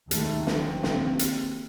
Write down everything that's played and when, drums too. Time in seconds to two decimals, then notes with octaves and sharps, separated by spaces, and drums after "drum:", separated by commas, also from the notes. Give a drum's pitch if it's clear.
0.11 D#2 A3, drum: hi-hat
0.47 C4, drum: snare
0.83 D#2, drum: snare
1.19 drum: hi-hat